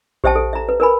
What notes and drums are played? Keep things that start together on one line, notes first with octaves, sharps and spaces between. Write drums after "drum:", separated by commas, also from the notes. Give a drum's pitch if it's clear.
G4 C5 E5 G5 A5, drum: kick A#1
A4
E5 A#5
B4
A#4 B4 G#5 B5